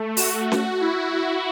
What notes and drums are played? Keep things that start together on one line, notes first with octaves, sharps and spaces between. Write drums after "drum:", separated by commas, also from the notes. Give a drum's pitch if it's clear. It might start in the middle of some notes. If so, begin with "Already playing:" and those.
Already playing: A3
F#4, drum: open hi-hat
drum: snare C#4
E4